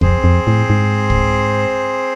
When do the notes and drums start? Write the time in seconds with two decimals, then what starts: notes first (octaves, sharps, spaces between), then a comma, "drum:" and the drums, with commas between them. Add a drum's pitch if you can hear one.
0.01 F2 C4 G#4 C5, drum: kick
0.24 F2
0.47 A2
0.70 G#2
1.10 drum: kick